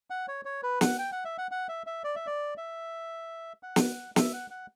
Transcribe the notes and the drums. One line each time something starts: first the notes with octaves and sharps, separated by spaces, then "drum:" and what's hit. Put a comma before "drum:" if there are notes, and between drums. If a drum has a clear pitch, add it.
F#5
C#5
C#5
B4
F#5, drum: snare
G5
F#5
E5
F#5
F#5
E5
E5
D5
E5
D5
E5
F#5
drum: snare
E5, drum: snare
F#5
F#5